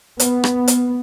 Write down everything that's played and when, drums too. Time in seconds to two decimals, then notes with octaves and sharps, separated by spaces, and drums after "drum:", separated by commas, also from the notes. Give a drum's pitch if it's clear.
0.20 B3, drum: hi-hat
0.44 drum: rim click
0.68 drum: hi-hat